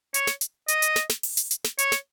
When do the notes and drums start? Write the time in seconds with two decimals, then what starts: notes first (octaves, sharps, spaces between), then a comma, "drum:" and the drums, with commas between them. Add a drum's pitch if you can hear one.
0.14 C#5, drum: hi-hat
0.27 drum: snare
0.41 drum: hi-hat
0.68 D#5, drum: hi-hat
0.82 drum: hi-hat
0.96 drum: snare
1.10 drum: snare
1.23 drum: open hi-hat
1.37 drum: hi-hat
1.51 drum: hi-hat
1.64 drum: snare
1.78 C#5, drum: hi-hat
1.92 drum: snare